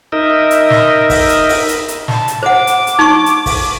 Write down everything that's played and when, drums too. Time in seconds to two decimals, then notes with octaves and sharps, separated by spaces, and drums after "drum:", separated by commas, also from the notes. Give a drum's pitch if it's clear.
0.12 D#4 A#4 D#5 E5
0.51 drum: hi-hat
0.70 drum: snare
1.10 drum: kick, open hi-hat
1.29 drum: hi-hat
1.49 drum: open hi-hat
1.69 drum: hi-hat
1.88 drum: hi-hat
2.08 A5, drum: snare
2.28 drum: hi-hat
2.43 C5 F#5 D6
2.67 drum: hi-hat
2.87 drum: hi-hat
2.99 D#4 C#6
3.26 drum: hi-hat
3.46 drum: kick, open hi-hat